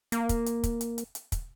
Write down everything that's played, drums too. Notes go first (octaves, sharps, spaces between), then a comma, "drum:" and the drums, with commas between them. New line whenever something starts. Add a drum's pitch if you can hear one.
A#3, drum: hi-hat
drum: kick, hi-hat
drum: hi-hat
drum: kick, hi-hat
drum: hi-hat
drum: hi-hat
drum: hi-hat
drum: kick, hi-hat